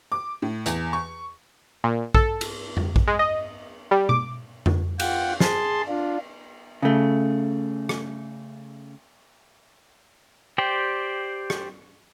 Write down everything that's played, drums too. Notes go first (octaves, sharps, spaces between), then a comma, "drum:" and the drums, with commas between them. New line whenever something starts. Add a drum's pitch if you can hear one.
D6
A2
E2, drum: hi-hat
C#6
A#2
A4, drum: kick A#1
drum: cymbal
drum: tom F2
drum: kick A#1
G#3
D#5
G3
D6, drum: tom B2
drum: tom F2
F4 F#5 G5, drum: cymbal
G#4 A5 C6, drum: snare
D4 F4
C#3 A3
drum: rim click
G4 C5 D5 G5
drum: rim click